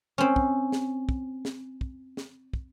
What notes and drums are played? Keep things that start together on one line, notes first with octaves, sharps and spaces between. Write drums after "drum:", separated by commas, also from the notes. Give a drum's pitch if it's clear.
C4 C#4
drum: kick
drum: snare
drum: kick
drum: snare
drum: kick
drum: snare
drum: kick